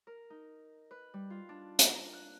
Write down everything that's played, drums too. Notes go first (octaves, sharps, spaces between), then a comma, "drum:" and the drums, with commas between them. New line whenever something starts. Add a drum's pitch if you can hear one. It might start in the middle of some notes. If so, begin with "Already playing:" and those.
A#4
D#4
B4
G3
F4
D4
A#3, drum: hi-hat
A#5
F#6